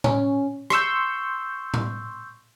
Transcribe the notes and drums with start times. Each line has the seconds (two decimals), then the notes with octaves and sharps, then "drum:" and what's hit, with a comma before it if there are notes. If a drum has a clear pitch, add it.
0.04 C#4, drum: tom A2
0.70 C6 C#6 E6 G6, drum: rim click
1.74 drum: tom A2